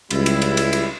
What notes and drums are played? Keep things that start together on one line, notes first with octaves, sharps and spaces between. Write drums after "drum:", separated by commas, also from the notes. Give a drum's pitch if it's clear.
C#2 G3 E4, drum: cymbal
drum: cymbal
drum: cymbal
drum: cymbal
drum: cymbal